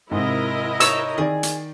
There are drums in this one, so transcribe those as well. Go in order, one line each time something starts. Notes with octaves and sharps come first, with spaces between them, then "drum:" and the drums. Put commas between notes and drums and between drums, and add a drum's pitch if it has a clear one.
G#2 C3 E4 A#4 D#5
D#4 C#5 E6, drum: hi-hat
D#3 G#4 D5
drum: hi-hat